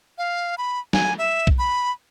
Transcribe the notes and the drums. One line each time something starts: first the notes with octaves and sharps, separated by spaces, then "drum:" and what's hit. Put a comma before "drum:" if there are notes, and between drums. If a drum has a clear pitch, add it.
F5
B5
G#5, drum: snare
E5
drum: kick B1
B5